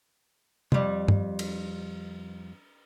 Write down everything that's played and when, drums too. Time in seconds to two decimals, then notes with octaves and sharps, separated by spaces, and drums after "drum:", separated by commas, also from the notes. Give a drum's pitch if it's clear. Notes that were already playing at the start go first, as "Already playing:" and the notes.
0.72 F2 G3, drum: tom
1.08 drum: tom
1.39 drum: cymbal